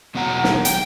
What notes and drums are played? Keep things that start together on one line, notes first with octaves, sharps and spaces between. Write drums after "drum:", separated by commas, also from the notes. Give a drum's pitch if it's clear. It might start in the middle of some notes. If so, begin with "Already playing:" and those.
E2 B2 F#3 F#5 A#5
drum: snare
G5, drum: hi-hat